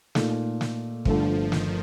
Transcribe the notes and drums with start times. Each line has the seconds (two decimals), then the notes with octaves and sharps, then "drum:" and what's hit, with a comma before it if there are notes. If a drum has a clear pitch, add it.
0.15 A#2 A3 D#4, drum: snare
0.61 drum: snare
1.05 G1 G2 D3 F3 A3, drum: kick
1.52 D#3, drum: snare